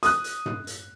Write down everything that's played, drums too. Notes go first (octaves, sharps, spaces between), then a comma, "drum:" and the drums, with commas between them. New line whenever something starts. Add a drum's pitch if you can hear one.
D#6 F#6, drum: hi-hat
drum: hi-hat
drum: tom
drum: hi-hat